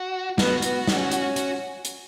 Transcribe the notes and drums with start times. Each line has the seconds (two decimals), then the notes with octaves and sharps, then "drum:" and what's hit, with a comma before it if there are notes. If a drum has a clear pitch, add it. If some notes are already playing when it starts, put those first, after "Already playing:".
Already playing: F#4
0.38 B3 F#4, drum: snare
0.62 B3, drum: hi-hat
0.87 C#4, drum: snare
1.11 drum: hi-hat
1.36 F#4, drum: hi-hat
1.85 drum: hi-hat